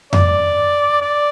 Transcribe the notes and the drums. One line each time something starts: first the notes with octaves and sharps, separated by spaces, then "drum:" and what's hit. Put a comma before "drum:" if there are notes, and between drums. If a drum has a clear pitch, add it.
D5, drum: tom F2
D5